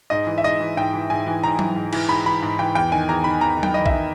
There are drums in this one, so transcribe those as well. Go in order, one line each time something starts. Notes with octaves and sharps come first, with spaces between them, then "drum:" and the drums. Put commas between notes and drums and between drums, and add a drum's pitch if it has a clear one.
G#2 D#5
E3
E5
G#2 D#5
E3
G#2 G5
E3
G#2 G#5
E3
G#2 A#5
E3, drum: tom F#3
G#2
E3, drum: cymbal
G#2 B5
E3 B5
G#2
E3 G5
E2 G5
D#3 G#5
E2 A#5
D#3 B5
E2 A#5
D#3
G5, drum: tom F#3
E2 D#5
E5, drum: kick
D#3